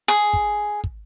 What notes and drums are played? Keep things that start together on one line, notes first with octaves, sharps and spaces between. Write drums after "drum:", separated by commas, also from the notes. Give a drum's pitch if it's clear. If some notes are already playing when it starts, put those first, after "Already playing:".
G#4
drum: kick
drum: kick